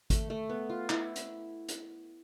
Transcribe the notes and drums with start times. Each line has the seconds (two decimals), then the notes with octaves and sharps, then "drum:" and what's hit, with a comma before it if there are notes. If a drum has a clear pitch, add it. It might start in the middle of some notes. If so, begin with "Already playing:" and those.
0.10 A3, drum: kick G#1, hi-hat
0.30 A3
0.49 B3
0.70 F4
0.90 E4, drum: clap
1.16 drum: hi-hat
1.69 drum: hi-hat